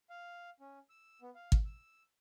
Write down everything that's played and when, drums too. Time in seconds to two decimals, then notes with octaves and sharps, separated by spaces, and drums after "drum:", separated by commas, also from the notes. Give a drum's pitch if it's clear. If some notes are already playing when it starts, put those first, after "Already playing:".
0.10 F5
0.60 C#4
0.90 E6
1.22 B3
1.35 F5
1.52 drum: kick
1.65 E6